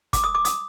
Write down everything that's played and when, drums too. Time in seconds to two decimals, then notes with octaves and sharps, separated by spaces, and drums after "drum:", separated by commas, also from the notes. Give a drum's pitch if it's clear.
0.13 D6, drum: kick, hi-hat
0.24 D#6
0.35 D6
0.45 D#6, drum: hi-hat